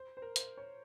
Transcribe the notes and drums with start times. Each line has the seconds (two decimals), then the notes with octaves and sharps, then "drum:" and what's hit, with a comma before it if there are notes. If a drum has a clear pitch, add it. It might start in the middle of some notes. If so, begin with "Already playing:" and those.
Already playing: C5
0.17 C5
0.22 A#4
0.36 C5, drum: hi-hat
0.57 C#5